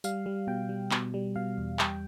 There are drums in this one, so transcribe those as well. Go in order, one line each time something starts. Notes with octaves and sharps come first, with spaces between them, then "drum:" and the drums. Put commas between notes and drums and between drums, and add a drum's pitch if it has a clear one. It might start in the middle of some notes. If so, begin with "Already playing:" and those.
G3 F5, drum: tambourine
G3
B2 G5
G3
B2, drum: clap
G3
B2 F5
E2
G3 G5, drum: clap